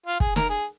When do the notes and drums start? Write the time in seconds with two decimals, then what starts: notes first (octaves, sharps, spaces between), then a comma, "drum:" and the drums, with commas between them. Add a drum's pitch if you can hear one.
0.06 F4
0.20 G#4, drum: kick
0.36 A#4, drum: snare
0.50 G#4